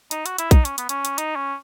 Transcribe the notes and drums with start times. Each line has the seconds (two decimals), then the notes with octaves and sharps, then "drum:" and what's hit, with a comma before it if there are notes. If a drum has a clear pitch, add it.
0.11 D#4, drum: hi-hat
0.26 F#4, drum: hi-hat
0.38 E4, drum: hi-hat
0.51 D#4, drum: kick A#1, hi-hat
0.65 C#4, drum: hi-hat
0.78 B3, drum: hi-hat
0.89 C#4, drum: hi-hat
1.05 drum: hi-hat
1.18 D#4, drum: hi-hat
1.36 C#4